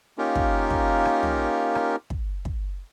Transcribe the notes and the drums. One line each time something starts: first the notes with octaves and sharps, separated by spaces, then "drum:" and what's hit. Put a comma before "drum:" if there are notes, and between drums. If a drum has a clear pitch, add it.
A#3 C#4 D#4 F4 G4 A#4
drum: kick
drum: kick
drum: rim click
drum: tom
drum: rim click
drum: kick
drum: kick